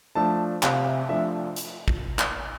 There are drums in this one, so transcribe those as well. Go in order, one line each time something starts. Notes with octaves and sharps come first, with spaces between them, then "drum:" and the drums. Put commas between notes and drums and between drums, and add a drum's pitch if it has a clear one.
F3 A3 D4 A5
C3 F5, drum: clap
E5
F3 A3 D4 E5
drum: hi-hat
drum: kick
drum: clap